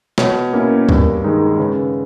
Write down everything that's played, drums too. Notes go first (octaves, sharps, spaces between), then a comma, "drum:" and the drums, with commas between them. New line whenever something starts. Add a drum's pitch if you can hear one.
B2 C#5, drum: snare
A#3 C#4 E4
G2 A#4, drum: kick C#2
D#3 G#3 D#4
C#3 B4